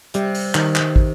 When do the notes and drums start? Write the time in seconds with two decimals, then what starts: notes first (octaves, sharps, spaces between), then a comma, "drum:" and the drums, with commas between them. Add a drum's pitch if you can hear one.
0.14 C3 G3, drum: hi-hat
0.35 drum: open hi-hat
0.55 D#3, drum: clap
0.75 drum: clap
0.96 drum: kick